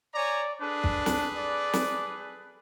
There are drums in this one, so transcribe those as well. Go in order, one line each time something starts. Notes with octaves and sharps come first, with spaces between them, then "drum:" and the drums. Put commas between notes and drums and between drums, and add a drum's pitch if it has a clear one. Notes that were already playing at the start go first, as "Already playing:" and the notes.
C#5 D5 G#5 A#5
D4 G#4 A4 B4
drum: kick
drum: snare
D5
drum: snare